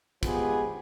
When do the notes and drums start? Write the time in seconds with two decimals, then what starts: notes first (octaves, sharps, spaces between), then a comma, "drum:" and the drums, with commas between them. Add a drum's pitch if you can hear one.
0.23 F3 G#3 B3 G4 G#4, drum: kick, hi-hat